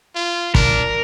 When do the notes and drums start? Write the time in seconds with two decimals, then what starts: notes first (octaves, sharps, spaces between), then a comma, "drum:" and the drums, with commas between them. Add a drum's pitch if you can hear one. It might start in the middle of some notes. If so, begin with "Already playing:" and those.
0.15 F4
0.55 D4 A#4, drum: kick